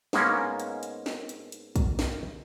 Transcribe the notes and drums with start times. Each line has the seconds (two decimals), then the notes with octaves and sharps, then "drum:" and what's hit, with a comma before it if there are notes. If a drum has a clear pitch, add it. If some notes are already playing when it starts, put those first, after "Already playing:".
0.13 G#2 G#3 A#3 B3 C#4, drum: snare
0.60 drum: hi-hat
0.83 drum: hi-hat
1.06 drum: snare
1.29 drum: hi-hat
1.52 drum: hi-hat
1.76 drum: kick, hi-hat
1.99 drum: snare